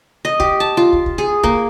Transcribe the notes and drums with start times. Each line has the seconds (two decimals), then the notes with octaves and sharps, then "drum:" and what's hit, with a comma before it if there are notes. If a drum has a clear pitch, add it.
0.25 D#5
0.40 G4, drum: kick
0.60 A5
0.77 F4
0.93 drum: kick
1.06 drum: kick
1.18 G#4
1.43 A#3, drum: kick